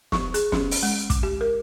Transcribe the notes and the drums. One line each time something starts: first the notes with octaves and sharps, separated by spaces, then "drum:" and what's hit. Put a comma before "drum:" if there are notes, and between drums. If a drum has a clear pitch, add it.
C#6, drum: snare
G#4, drum: hi-hat
C#4, drum: snare
drum: open hi-hat
G#3
D6, drum: kick, hi-hat
G4
A#4